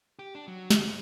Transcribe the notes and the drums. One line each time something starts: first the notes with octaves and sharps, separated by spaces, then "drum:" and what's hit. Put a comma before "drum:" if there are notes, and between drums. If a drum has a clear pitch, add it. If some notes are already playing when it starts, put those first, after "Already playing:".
G4
D4
F#3
D2, drum: snare
G#2